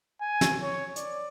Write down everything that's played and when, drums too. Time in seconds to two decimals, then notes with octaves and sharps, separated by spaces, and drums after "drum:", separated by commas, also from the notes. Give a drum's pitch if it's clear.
0.21 G#5
0.41 drum: snare
0.62 C#5
0.96 D5, drum: hi-hat